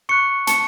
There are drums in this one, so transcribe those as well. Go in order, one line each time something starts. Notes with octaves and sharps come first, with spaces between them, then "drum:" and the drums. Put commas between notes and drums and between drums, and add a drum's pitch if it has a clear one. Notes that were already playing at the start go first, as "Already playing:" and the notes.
C#6 F#6 C#7
A5 C#7, drum: hi-hat